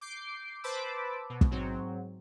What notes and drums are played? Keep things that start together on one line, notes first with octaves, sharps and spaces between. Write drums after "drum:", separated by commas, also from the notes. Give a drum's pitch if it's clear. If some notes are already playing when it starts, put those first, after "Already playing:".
D6 G6 C7 D7
B4 C5 A5 B5 D6 E6
B2
drum: kick
G#2 F#3 C4